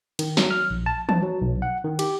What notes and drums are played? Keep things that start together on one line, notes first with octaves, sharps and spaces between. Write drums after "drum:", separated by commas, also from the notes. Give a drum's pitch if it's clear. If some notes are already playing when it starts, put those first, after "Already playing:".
D#3, drum: cymbal
F#3, drum: snare
F6
A#1
A5
A5, drum: tom E3
F#3
B1
F#5
D#3
G4, drum: cymbal